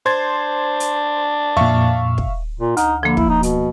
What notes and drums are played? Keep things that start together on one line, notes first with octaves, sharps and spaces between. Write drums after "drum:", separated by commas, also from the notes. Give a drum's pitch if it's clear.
D4 C5 C6 G#6 A6
drum: hi-hat
F2 A#2 E5 F5 C#6
drum: kick
A#2
D2 D#4, drum: hi-hat
D3 F3 A#3 B5
E4, drum: kick
D#4
B2, drum: hi-hat